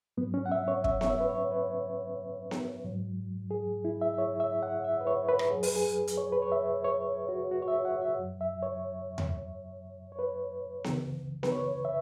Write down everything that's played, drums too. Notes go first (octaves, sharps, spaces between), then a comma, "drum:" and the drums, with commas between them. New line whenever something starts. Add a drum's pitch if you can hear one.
G#2 F#3 B3
C#4
F#5
E5
C#5
E5, drum: kick
C#5, drum: snare B3
E5
B4
C#5
B4
drum: snare B3
G#2 F#3
G#4
E4
E5
E5
C#5
E5
F#5
E5
B4
C#5
B4
drum: rim click
F#2 F#3 G#4
B4, drum: open hi-hat
G#4
drum: hi-hat
C#5
B4
C#5
E5
C#5
F#4
F#4
C#5
E5
F#5
E5
F#2 F#3
E5
C#5
drum: tom E2
C#5
B4
C#2 C#3 E3, drum: snare B3
B4, drum: snare B3
C#5
E5